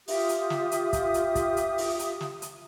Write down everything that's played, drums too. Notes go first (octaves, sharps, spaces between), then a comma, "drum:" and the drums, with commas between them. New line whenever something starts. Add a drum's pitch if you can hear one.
F4 G4 E5 D#6, drum: open hi-hat
drum: hi-hat
drum: snare
drum: hi-hat
drum: kick, hi-hat
drum: hi-hat
drum: kick, hi-hat
drum: hi-hat
drum: open hi-hat
drum: hi-hat
drum: snare
drum: hi-hat